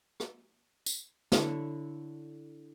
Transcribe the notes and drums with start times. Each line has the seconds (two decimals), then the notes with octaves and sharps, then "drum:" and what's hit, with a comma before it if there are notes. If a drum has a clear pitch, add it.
0.20 drum: rim click
0.86 drum: tambourine
1.32 D3 E4 C#5, drum: snare